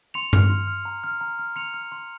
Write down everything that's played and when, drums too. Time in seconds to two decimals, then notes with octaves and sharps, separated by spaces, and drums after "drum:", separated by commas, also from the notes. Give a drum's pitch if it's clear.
0.14 C6 C#7 F7
0.33 F6, drum: tom G2
0.50 C6
0.67 F6
0.85 A#5
1.04 F6
1.21 A#5
1.39 F6
1.56 C6 C#7 F7
1.74 F6
1.92 C6